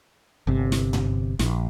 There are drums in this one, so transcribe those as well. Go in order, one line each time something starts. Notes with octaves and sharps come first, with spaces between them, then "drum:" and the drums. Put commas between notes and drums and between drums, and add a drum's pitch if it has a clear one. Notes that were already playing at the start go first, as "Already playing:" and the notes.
G1 C3
drum: snare
drum: tom
A#1, drum: snare